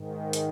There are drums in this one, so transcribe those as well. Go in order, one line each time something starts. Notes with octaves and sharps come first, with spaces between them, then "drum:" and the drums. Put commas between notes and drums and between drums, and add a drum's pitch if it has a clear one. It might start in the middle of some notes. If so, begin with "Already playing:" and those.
Already playing: G#2 D#3
drum: hi-hat